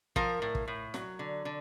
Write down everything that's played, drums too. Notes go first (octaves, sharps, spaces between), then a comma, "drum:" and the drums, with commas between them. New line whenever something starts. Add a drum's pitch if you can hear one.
F3 A#4, drum: kick
A2
drum: kick
A2
F#3, drum: snare
D3
D3